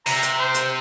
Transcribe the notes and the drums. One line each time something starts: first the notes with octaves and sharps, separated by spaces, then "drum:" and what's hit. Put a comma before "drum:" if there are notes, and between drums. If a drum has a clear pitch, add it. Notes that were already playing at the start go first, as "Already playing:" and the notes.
C3 A#5, drum: open hi-hat
drum: hi-hat
C5
drum: hi-hat